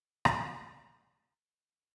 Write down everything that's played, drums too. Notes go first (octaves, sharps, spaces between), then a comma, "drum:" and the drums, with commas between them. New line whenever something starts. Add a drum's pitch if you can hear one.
drum: rim click
D#3 A#4 C#5
G5 D6 D#6